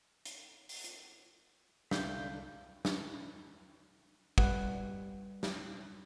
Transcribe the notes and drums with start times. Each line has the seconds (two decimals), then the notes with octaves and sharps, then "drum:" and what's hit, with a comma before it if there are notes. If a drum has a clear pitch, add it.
0.26 drum: hi-hat
0.69 drum: open hi-hat
0.84 drum: hi-hat
1.91 C2 D3 G3 D4 E5 F5 G6, drum: snare
2.85 drum: snare
4.38 G3 B4 F#5, drum: kick
5.43 drum: snare